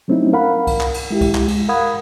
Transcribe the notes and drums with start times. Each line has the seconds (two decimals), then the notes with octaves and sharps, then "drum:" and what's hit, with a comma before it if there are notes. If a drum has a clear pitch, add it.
0.08 F#3 A3 C4 C#4 D#4 E4
0.33 A#4 F5 F#5 B5
0.67 drum: kick C2, cymbal
0.81 drum: clap
0.94 drum: cymbal
1.11 G#3 E4 G4
1.21 drum: kick C2, cymbal
1.35 drum: clap
1.48 G#3, drum: cymbal
1.69 A#4 F5 F#5 B5 D#6 G#6